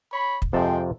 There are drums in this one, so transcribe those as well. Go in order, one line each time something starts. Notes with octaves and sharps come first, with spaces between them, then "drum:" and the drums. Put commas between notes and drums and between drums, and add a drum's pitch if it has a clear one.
C#5 B5
drum: kick
F2 C3 F3 G#3 G5 A5